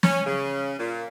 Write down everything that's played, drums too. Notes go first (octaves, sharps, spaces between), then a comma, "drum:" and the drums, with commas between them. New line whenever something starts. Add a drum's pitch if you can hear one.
C#4, drum: snare
C#3
A#2